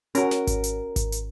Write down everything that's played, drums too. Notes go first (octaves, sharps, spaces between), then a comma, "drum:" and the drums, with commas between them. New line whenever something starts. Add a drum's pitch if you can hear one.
C#4 F#4 A#4, drum: hi-hat
drum: snare
drum: kick G#1, hi-hat
drum: hi-hat
drum: kick G#1, hi-hat
drum: hi-hat